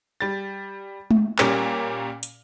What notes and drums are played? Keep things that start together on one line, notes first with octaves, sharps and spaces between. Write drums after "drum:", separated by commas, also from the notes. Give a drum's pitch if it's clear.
G3 A6
drum: tom G#3
A#2 G3 A#3 C#4, drum: clap
drum: hi-hat